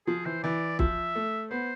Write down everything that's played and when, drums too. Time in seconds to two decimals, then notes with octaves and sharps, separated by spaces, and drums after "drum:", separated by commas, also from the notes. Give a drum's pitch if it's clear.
0.07 F3 G#4
0.25 E3 C5
0.43 E3 D5
0.79 F3 E5, drum: kick
1.15 A3
1.51 B3 C5